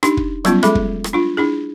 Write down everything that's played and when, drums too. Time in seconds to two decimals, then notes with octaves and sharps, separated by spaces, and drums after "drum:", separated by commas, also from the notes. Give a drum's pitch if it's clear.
0.03 D4 D#4 G4 C6, drum: rim click
0.17 drum: kick
0.45 F#3 G3 B3 C#4 F4, drum: rim click
0.63 G#3 G#4 A4 E5 B5 D6, drum: rim click
0.75 drum: kick
1.04 drum: rim click
1.13 D4 F4
1.37 D4 E4 G#4